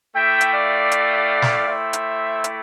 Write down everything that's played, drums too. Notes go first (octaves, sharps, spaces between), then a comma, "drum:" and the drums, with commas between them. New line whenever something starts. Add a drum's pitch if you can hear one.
A3 E4 G4 E5 G5
drum: hi-hat
D5 F5
drum: hi-hat
drum: snare
A3 E4 G4 C5 E5
drum: hi-hat
drum: hi-hat